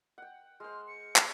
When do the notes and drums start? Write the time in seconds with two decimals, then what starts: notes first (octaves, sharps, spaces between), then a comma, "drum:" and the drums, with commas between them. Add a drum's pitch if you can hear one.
0.18 F#5 G5
0.60 G#3 C5 F6
0.87 C#7
1.16 drum: clap